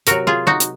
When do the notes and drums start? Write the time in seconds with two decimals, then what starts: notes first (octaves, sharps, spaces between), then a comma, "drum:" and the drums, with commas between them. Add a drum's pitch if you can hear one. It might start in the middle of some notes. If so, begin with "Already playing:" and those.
0.07 C3 F#3 F#4 A#4, drum: hi-hat
0.27 F4 G#4
0.47 D#4 F#4
0.60 drum: hi-hat